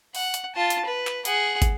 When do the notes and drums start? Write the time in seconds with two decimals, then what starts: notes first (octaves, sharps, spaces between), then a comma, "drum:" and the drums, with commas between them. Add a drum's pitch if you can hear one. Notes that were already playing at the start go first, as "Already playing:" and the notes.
0.15 F#5, drum: open hi-hat
0.34 drum: hi-hat
0.55 F4 A5
0.70 drum: hi-hat
0.86 B4
1.07 drum: clap
1.25 G#4 F#5, drum: hi-hat
1.62 drum: kick, hi-hat